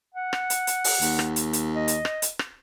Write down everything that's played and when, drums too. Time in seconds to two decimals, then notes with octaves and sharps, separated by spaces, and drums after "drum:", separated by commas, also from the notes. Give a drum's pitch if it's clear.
0.14 F#5
0.33 drum: rim click
0.50 drum: hi-hat
0.67 drum: hi-hat
0.84 drum: open hi-hat
1.02 D#2, drum: hi-hat
1.19 drum: rim click
1.36 drum: hi-hat
1.53 drum: hi-hat
1.76 D#5
1.88 drum: hi-hat
2.05 drum: rim click
2.22 drum: hi-hat
2.39 drum: rim click